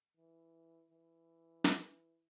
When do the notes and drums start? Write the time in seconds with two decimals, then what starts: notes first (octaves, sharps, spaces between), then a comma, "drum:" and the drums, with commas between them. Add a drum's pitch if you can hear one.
0.17 E3
0.91 E3
1.64 drum: snare